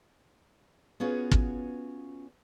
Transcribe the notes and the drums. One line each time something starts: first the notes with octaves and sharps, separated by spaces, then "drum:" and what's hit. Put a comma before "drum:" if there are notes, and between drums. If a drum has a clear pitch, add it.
B3 C#4 F4 F#4 G#4 C#5
drum: kick